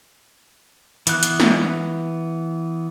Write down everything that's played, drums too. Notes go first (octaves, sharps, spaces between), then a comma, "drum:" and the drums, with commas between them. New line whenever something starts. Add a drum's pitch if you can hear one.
E3 B3 F#6, drum: hi-hat
drum: hi-hat
drum: snare